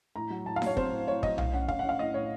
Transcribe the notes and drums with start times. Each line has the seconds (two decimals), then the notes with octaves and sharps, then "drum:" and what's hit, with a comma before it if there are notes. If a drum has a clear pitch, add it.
0.16 A2 A#5
0.30 F#3
0.46 A2 A5
0.56 F5
0.62 F#3 C#5, drum: snare D#4
0.77 C4 C5, drum: kick
0.92 A2
1.07 A2 C#5
1.23 F#3 D#5, drum: kick
1.38 A2 F5, drum: tom B1
1.53 C#4 F#5
1.68 C#4 F5, drum: kick
1.79 F#5
1.84 C#4 F5
1.99 A2 D#5
2.14 A2 C#5